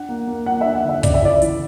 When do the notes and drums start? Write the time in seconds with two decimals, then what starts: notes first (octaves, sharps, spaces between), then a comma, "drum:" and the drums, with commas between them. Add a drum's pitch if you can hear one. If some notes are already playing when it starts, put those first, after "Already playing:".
Already playing: D4 F#5
0.09 A#3
0.27 A#3
0.46 A#3 F#5
0.61 D4 E5
0.75 F#5
0.84 D3 E5
1.03 C#3 D5, drum: kick, hi-hat
1.14 E5
1.23 E4 D5
1.42 E3, drum: hi-hat